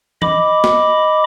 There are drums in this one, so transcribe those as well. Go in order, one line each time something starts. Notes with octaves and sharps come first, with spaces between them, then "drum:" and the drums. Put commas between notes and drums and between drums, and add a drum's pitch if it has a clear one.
D#5 B5 D6, drum: tom E3
drum: snare